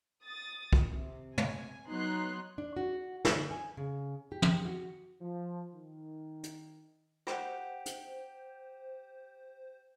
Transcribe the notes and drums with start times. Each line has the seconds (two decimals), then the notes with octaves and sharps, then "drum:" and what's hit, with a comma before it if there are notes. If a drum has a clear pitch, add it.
0.25 D#6 A6
0.73 drum: kick
0.90 C3
1.38 G#5, drum: tom
1.87 F#3 B3 D#4 C#5 C6 F#6
2.58 D4
2.77 F#4
3.25 D3, drum: snare
3.51 G#5
3.77 C#3
4.32 G4
4.42 drum: tom
4.65 F#4
5.21 F3
5.74 D#3
6.43 drum: hi-hat
7.27 G4 C5 F#5, drum: rim click
7.86 drum: hi-hat